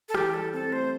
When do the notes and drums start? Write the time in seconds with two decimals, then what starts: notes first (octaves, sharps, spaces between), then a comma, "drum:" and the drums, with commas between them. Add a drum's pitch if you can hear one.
0.09 A4
0.14 E3 G4, drum: rim click
0.34 G3 A4
0.53 C4 A4
0.72 A3 C5